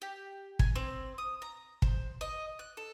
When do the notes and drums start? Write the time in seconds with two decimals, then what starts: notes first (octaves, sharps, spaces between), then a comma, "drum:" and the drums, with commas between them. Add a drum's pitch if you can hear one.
0.02 G4
0.59 G#5, drum: kick
0.76 C4
1.18 D#6
1.42 A#5
1.82 C5, drum: kick
2.21 D#5
2.59 F#6
2.77 A4